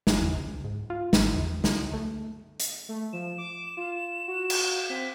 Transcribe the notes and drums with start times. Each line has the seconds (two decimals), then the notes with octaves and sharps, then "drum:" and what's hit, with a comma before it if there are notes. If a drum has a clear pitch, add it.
0.07 G1, drum: snare
0.20 E2
0.37 C#2
0.65 G#2
0.90 F4
1.13 G#1, drum: snare
1.34 E2
1.64 C#2, drum: snare
1.94 A3
2.60 drum: hi-hat
2.89 A3
3.13 F3 E7
3.38 D6
3.77 F4
4.28 F#4
4.50 drum: cymbal
4.90 C4 B6